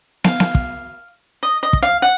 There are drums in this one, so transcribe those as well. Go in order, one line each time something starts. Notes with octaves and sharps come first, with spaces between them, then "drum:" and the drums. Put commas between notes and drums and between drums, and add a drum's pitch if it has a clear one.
F5, drum: snare
drum: snare
drum: kick
D#5
D#5
drum: kick
F5
F#5